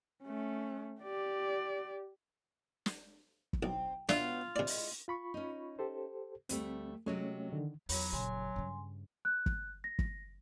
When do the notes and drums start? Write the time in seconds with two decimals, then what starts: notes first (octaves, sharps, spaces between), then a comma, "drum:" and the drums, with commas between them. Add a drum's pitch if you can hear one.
0.23 A3 C#4
1.01 G4 D5
2.86 drum: snare
3.53 drum: kick
3.63 B1 C4
4.09 B2 B3 D4 F4 C#5 E5, drum: snare
4.56 C3 G#3 E4 D5
4.67 drum: open hi-hat
5.08 F4 B5 C#6
5.34 C#4 D#4
5.79 G4 A4 C5
6.49 D2 G3 A3 C4, drum: hi-hat
7.06 C3 F#3 G#3 A3 C#4 C#5
7.53 D3 D#3
7.89 E2 F#3 C#5 B5, drum: open hi-hat
8.13 D#1 C#3 G#5 C6
8.56 G2 C#3
9.25 F#6
9.46 drum: kick
9.84 A#6
9.99 drum: kick